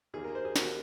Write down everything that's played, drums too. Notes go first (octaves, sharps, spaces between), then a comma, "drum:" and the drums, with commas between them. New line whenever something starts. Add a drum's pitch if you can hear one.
D#2 D#3 A#3 G#4
A#4
C5
G#4
D#2 D#3 A#3 F#4, drum: snare